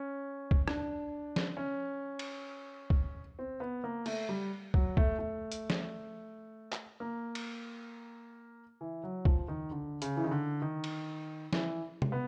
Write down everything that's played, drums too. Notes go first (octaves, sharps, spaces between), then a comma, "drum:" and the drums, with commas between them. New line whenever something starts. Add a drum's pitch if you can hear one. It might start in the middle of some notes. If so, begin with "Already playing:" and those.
Already playing: C#4
drum: kick C2
D4, drum: rim click
drum: snare
C#4
drum: cymbal
drum: kick C2
C4
B3
A#3
A3, drum: cymbal
G3
F#3, drum: kick C2
A3, drum: kick C2
A3
drum: hi-hat
drum: snare
drum: clap
A#3
drum: cymbal
E3
F#3
F3, drum: kick C2
D#3
D3
C#3, drum: hi-hat
E3
D#3
D3
D#3
drum: cymbal
E3, drum: snare
drum: tom C3
B3